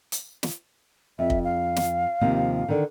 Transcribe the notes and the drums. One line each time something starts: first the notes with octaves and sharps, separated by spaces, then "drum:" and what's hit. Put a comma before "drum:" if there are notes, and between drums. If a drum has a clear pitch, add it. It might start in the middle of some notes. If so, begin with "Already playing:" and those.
drum: hi-hat
drum: snare
F2 E5
drum: kick
F5
drum: snare
D#2 C3 F3
D3 D#3